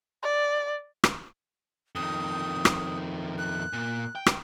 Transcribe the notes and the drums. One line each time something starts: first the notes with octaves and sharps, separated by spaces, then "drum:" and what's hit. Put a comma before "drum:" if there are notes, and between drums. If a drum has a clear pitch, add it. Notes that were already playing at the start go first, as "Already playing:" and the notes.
D5
drum: rim click
F2 D#3 D#6
drum: rim click
F#6
A#2
G5
drum: rim click